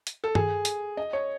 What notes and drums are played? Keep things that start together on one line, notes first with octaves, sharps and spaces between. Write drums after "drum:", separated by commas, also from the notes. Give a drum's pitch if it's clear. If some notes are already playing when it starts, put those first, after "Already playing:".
drum: hi-hat
A4
G#4, drum: tom G2
drum: hi-hat
D#5
C#5